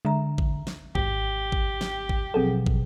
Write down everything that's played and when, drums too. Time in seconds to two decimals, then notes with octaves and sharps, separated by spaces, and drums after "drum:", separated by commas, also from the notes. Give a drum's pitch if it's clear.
0.05 D3 G#3 E5 A#5
0.38 drum: kick
0.67 drum: snare
0.95 G#1 G4, drum: kick
1.52 drum: kick
1.81 drum: snare
2.09 drum: kick
2.34 B2 F3 F#3 C4 G#4 A4
2.66 drum: kick